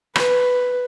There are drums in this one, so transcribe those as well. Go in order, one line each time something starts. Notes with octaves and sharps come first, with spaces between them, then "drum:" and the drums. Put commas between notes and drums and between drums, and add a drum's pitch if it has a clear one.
B4, drum: rim click